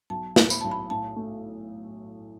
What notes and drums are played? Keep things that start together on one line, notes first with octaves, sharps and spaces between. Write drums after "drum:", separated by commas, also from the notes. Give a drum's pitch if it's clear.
B1 A5
A2, drum: snare
B5, drum: tambourine
B1 A5
B5
A2 A5
A3